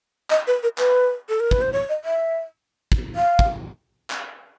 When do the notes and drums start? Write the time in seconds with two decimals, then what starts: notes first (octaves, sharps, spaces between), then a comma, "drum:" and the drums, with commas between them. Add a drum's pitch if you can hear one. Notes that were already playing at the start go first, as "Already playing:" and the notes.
0.30 D#5, drum: clap
0.47 B4
0.63 A#4
0.78 B4, drum: clap
1.29 A4
1.40 A#4
1.51 B4, drum: kick
1.61 C5
1.73 C#5
1.89 D#5
2.04 E5
2.92 drum: kick
3.16 F5
3.39 drum: kick
4.10 drum: clap